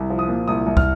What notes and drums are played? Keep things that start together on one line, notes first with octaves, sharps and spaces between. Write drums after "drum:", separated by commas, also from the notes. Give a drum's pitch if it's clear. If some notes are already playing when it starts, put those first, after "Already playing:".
Already playing: C2
F3
D#6
A#2
C2 D#6
C2
F6, drum: kick